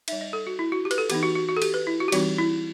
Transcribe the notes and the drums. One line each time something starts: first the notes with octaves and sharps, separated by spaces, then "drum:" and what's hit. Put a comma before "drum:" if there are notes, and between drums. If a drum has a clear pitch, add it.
G3 D#4 E5, drum: cymbal
D#5
A4
F#4
E4
F#4
G4
B4, drum: cymbal
A4
E3 B3 D#4 G4, drum: cymbal
F#4
F#4
F#4
A4
G4, drum: cymbal
B4
E4
F#4
G4
E3 G3 C4 D#4 F#4, drum: cymbal
E4